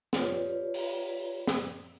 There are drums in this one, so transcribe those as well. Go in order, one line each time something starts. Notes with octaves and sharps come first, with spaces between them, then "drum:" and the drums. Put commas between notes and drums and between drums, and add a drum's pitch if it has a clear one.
F4 G4 B4 C#5 D5, drum: snare
drum: open hi-hat
drum: snare